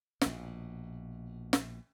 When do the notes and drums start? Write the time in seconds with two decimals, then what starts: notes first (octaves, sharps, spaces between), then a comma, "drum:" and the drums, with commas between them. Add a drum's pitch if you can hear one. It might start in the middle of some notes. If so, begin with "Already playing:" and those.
0.21 A#1 B2, drum: snare
1.53 drum: snare